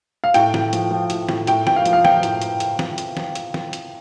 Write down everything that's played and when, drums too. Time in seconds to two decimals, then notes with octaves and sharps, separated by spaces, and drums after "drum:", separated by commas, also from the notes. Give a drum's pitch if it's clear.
0.24 F5
0.34 A2 G5, drum: hi-hat
0.54 A2, drum: snare
0.73 F3, drum: hi-hat
0.91 F3
1.10 A2, drum: hi-hat
1.29 A2, drum: snare
1.47 A2 G5, drum: hi-hat
1.67 A2 G5, drum: snare
1.76 F5
1.86 F3, drum: hi-hat
1.93 F5
2.05 F3 G5, drum: snare
2.23 A2, drum: hi-hat
2.42 drum: hi-hat
2.60 drum: hi-hat
2.79 drum: snare
2.98 drum: hi-hat
3.17 drum: snare
3.35 drum: hi-hat
3.54 drum: snare
3.73 drum: hi-hat